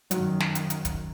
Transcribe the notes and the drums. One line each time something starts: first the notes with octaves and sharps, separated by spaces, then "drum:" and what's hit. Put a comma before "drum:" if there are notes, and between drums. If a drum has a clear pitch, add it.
F#2 D#3 F#3, drum: hi-hat
drum: snare
drum: hi-hat
drum: hi-hat
drum: kick, hi-hat